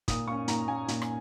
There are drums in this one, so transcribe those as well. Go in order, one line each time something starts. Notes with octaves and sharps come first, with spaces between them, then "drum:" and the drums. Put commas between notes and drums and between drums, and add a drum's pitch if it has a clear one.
A#2 D#6, drum: kick, hi-hat
A#3 C#4 C#6
A#2 A#5, drum: hi-hat
A#3 C#4 G#5
A#2, drum: hi-hat
drum: rim click